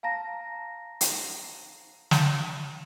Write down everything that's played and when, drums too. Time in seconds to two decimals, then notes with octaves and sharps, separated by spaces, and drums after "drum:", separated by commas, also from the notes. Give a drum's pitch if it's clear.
0.03 F5 A5 A#5 A#6
1.01 drum: hi-hat
2.11 drum: snare